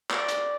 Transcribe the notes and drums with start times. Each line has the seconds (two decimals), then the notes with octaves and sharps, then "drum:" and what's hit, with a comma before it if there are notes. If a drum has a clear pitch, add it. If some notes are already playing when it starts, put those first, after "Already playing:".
0.11 D5, drum: clap
0.29 drum: hi-hat